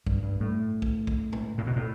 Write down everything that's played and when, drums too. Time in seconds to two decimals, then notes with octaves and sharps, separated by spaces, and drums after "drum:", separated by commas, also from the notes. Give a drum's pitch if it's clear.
0.07 G2, drum: kick B1
0.23 G2
0.40 A2
0.82 drum: kick B1
1.07 drum: kick B1
1.33 drum: tom
1.58 A2
1.67 B2
1.76 A2